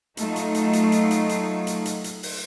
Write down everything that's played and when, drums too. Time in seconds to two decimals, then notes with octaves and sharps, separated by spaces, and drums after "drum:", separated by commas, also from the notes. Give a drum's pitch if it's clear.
0.17 F#3 A3 D#4 F4, drum: hi-hat
0.36 drum: hi-hat
0.55 drum: hi-hat
0.73 drum: hi-hat
0.92 drum: hi-hat
1.11 drum: hi-hat
1.29 drum: hi-hat
1.67 drum: hi-hat
1.85 drum: hi-hat
2.04 drum: hi-hat
2.23 drum: open hi-hat